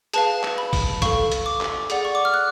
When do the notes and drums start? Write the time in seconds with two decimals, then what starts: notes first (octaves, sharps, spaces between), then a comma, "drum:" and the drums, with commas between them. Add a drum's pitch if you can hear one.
0.13 G#4 B4 F5 A5, drum: hi-hat
0.43 drum: clap
0.58 B5
0.73 drum: kick, open hi-hat
1.02 A4 F5 C#6, drum: kick, hi-hat
1.32 drum: hi-hat
1.46 D6
1.61 drum: clap
1.90 G#4 D5 F#5, drum: hi-hat
2.05 C#6
2.15 D6
2.25 F6
2.34 F#6